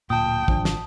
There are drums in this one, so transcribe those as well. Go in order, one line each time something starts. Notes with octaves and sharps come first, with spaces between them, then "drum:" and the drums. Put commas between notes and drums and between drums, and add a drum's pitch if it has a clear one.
D1 A#2 G5 A5 D#6
G#1 F3 D4, drum: kick
drum: snare